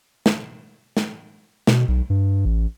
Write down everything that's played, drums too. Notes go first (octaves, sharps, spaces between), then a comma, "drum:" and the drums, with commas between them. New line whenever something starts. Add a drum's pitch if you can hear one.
drum: snare
drum: snare
B2, drum: snare
B1
G2
A1